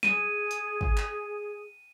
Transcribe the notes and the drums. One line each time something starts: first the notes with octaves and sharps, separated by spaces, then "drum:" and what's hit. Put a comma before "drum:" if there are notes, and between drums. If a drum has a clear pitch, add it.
G#4 D#7, drum: snare
drum: hi-hat
drum: kick
drum: clap